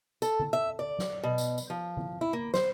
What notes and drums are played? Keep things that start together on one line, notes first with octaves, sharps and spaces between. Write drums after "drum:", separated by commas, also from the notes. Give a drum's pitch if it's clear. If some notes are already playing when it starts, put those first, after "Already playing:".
A4, drum: tambourine
drum: tom D3
E5
D5
drum: snare
B2
drum: tambourine
drum: tambourine
F3
drum: tom D3
E4
A#3
C5, drum: snare